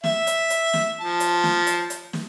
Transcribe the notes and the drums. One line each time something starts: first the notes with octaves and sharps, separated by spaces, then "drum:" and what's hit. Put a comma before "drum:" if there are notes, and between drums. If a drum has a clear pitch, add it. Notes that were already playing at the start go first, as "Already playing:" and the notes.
E5, drum: snare
drum: hi-hat
drum: hi-hat
drum: snare
F3 A5
drum: hi-hat
drum: snare
drum: hi-hat
drum: hi-hat
drum: snare